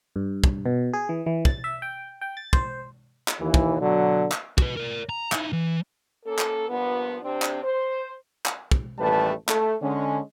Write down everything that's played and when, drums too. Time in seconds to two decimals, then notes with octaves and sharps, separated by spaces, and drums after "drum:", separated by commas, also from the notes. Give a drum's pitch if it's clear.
0.16 G2
0.44 drum: kick
0.66 B2
0.93 G#4
1.09 E3
1.26 E3
1.45 A6, drum: kick
1.64 E5
1.82 G5
2.21 G5
2.37 A6
2.53 C5, drum: kick
3.28 drum: clap
3.41 D#2 E3
3.54 drum: kick
3.81 B2 D3 F#3
4.32 drum: clap
4.58 F#4 B4, drum: kick
4.77 A#4 D5
5.09 A#5
5.32 D#4 E4, drum: clap
5.52 E3
6.26 A#3 C#4 A4
6.39 drum: clap
6.68 G2 A#2 F3 B3
7.22 C3 C4 D4
7.42 drum: clap
7.63 C5
8.46 drum: clap
8.72 drum: kick
8.99 A1 D#2 G3 A3 B4 A5
9.49 A3, drum: clap
9.82 D3 G#3 C#4